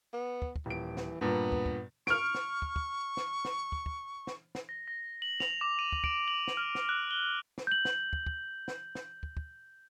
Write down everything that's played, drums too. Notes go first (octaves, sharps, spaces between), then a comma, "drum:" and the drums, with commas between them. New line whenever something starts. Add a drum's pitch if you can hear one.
B3
drum: kick
drum: kick
D#1 E3 D7
drum: snare
G2 A#2 B3
drum: kick
drum: kick
C#6 F6 D7, drum: snare
drum: snare
drum: kick
drum: kick
drum: snare
drum: snare
drum: kick
drum: kick
drum: snare
drum: snare
A#6
A#6
F#7
F7, drum: snare
D6
D#7
drum: kick
D7, drum: kick
F#7
drum: snare
F6
drum: snare
F#6
G7
drum: snare
G6 F#7
drum: snare
drum: kick
drum: kick
drum: snare
drum: snare
drum: kick
drum: kick